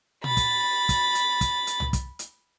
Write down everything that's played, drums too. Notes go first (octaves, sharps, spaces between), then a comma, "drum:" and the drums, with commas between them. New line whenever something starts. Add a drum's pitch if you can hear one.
B5 A6, drum: tom A#2
drum: kick, hi-hat
drum: kick, hi-hat
drum: hi-hat
drum: kick, hi-hat
drum: hi-hat
drum: tom C2
drum: kick, hi-hat
drum: hi-hat